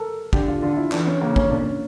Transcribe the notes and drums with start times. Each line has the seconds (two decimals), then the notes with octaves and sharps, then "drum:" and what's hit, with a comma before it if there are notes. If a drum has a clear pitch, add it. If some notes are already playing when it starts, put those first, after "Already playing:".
Already playing: A4 A#4
0.33 D3 G4, drum: kick
0.48 F4
0.62 D3 F4
0.77 E4
0.92 E3 D4, drum: clap
1.07 C#4
1.21 C#3 A#3
1.36 C#4, drum: kick
1.51 A#2 D4
1.60 C#4